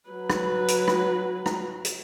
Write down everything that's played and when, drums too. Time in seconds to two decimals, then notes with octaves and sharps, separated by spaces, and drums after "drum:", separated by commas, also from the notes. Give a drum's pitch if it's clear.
0.10 F#3 B4
0.30 drum: rim click
0.68 drum: hi-hat
0.88 drum: rim click
1.46 drum: rim click
1.85 drum: hi-hat